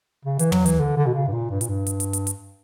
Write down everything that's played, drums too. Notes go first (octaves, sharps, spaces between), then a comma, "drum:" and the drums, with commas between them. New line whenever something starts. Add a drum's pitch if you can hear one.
C#3
E3, drum: hi-hat
F#3, drum: tom
E3, drum: hi-hat
D3
D3
B2
C#3
G2
A#2
G2
A#2, drum: hi-hat
G2
drum: hi-hat
drum: hi-hat
drum: hi-hat
drum: hi-hat